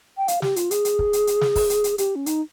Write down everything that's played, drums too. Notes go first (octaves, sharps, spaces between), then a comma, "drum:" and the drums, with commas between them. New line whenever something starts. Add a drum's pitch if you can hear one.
G5
F5, drum: hi-hat
G4, drum: snare
F4, drum: hi-hat
G#4, drum: hi-hat
drum: hi-hat
drum: kick
drum: hi-hat
drum: hi-hat
drum: snare
drum: kick, open hi-hat
drum: hi-hat
drum: hi-hat
G4, drum: hi-hat
C#4
D#4, drum: hi-hat